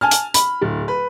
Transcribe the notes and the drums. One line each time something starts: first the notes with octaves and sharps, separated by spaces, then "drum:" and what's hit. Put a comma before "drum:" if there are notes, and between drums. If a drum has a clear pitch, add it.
G#5 A5 F6
drum: hi-hat
B5, drum: hi-hat
D1
B4